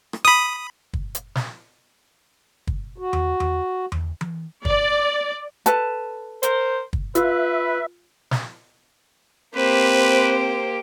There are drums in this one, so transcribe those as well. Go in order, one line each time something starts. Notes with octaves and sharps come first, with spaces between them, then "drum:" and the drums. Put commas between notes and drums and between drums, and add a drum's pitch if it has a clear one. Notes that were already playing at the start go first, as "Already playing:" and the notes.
drum: rim click
B5 D#6
drum: kick
drum: hi-hat
drum: snare
drum: kick
F#4
drum: tom E2
drum: tom E2
drum: tom E2
drum: tom E3
D5, drum: kick
A4 B4 A5, drum: hi-hat
A#4 C5, drum: hi-hat
drum: kick
F4 B4 E5, drum: hi-hat
drum: snare
A#3 C4 G4 B4 C5